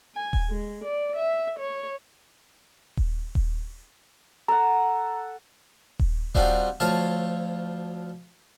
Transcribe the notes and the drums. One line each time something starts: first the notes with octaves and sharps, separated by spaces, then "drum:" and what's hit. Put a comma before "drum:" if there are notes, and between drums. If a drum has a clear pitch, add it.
G#5
drum: kick D#1
G#3
D5
E5
C#5
drum: kick D#1
drum: kick D#1
A4 F#5 A#5
drum: kick D#1
G3 C4 D4 D#4 F4 F#4, drum: kick D#1
D2 F3 A4 C#5 F5 A5